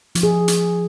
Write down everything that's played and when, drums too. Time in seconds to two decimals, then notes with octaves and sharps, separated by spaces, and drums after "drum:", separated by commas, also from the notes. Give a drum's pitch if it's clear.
0.15 F3, drum: hi-hat
0.23 G#4
0.48 drum: hi-hat